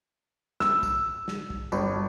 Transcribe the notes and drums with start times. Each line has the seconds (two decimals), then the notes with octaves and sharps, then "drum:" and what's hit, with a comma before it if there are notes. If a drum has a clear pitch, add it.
0.60 E6, drum: snare
0.83 drum: kick, tambourine
1.28 drum: snare
1.50 drum: kick
1.72 G1, drum: tambourine